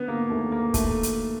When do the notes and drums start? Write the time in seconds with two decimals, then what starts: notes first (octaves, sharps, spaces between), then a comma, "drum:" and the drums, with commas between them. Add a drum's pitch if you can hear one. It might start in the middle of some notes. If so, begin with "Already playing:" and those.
Already playing: D3 B3
0.08 A#3
0.30 D#2 A3
0.52 A#3
0.74 D#2 A3, drum: kick, hi-hat
1.03 drum: hi-hat